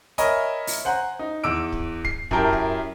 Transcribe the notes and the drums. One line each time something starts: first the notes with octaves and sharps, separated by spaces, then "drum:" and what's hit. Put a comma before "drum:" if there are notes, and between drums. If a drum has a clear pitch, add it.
A#4 C#5 D#5 E5 G#5 B5, drum: hi-hat
drum: open hi-hat
C5 F#5 G#5 A#5
D#4
E2 D6 E6 D7
drum: kick
C7, drum: kick
F#2 E4 G4 A#4 G5 A5, drum: kick
drum: kick